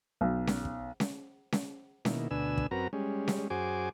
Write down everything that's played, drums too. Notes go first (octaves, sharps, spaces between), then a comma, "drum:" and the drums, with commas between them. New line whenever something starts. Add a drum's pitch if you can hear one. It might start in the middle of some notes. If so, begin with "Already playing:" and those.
B1
drum: snare C#4
drum: kick
drum: snare C#4
drum: snare C#4
B2 D#3 A#3 E4, drum: snare C#4
D2 B2 D4 B4 G#5 E6
drum: kick
F#2 C4 F#4 A#4 B4 A#5
G3 G#3 C#4
drum: snare C#4
F#2 F#4 G#4 C5 G#5 D6